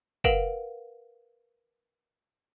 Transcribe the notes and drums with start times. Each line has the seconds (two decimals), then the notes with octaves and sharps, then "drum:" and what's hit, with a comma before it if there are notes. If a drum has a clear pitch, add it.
0.24 A#4 B4 F5 F#5 D7 E7, drum: kick